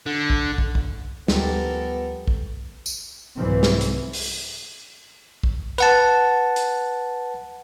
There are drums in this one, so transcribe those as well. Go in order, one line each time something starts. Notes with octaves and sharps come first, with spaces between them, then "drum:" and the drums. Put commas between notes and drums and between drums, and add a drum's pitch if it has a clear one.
D3
drum: kick
drum: kick
drum: kick
D2 F3 G3 B3 G4 A4 A#4, drum: snare
drum: kick
drum: tambourine
C2 G#2 C3 E3 F#3 C4
drum: snare
drum: hi-hat
drum: open hi-hat
drum: kick
B4 F#5 A5, drum: hi-hat
drum: hi-hat